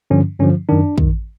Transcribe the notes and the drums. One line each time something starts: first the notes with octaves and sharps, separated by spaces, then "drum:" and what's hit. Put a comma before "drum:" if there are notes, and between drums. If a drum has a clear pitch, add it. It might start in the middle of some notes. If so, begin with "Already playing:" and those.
G2 D3 F3 C#4
G2 D3 F3 C#4
F#2 D#3 D4
F#2 D#3, drum: kick